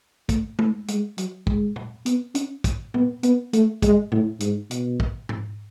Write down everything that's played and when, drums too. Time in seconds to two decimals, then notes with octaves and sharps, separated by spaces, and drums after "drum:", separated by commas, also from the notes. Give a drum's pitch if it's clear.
0.29 A3, drum: kick, hi-hat
0.59 A3, drum: tom
0.88 G#3, drum: hi-hat
1.18 F#3, drum: hi-hat
1.47 G#3, drum: kick
1.76 drum: tom
2.06 B3, drum: hi-hat
2.35 C#4, drum: hi-hat
2.64 drum: kick, hi-hat
2.94 B3, drum: tom
3.23 B3, drum: hi-hat
3.53 A3, drum: hi-hat
3.82 G#3, drum: kick, hi-hat
4.12 A2, drum: tom
4.40 G#2, drum: hi-hat
4.71 B2, drum: hi-hat
5.00 drum: kick
5.29 drum: tom G#2